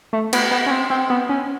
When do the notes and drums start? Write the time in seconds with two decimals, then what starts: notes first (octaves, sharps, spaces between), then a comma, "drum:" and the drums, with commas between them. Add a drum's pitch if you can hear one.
0.13 A3
0.33 B3, drum: cymbal
0.51 B3
0.66 C#4
0.71 C4
0.90 C4
1.10 B3
1.29 C#4